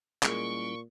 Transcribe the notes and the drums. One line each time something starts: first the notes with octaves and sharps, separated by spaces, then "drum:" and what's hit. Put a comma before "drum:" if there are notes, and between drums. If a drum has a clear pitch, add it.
A#2 G3 G#3 A#3 C#4 E4 C#6, drum: clap